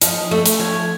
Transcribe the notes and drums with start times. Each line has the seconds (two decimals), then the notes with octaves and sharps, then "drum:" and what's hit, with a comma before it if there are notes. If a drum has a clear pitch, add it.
0.02 F3 D#5, drum: hi-hat
0.31 A3
0.46 drum: hi-hat
0.59 F3 C#5